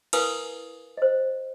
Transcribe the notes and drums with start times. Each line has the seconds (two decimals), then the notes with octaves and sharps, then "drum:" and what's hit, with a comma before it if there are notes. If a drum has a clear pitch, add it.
0.13 E4 A#4 B4 F5 G#5 D#6, drum: cymbal
0.97 C5 D#5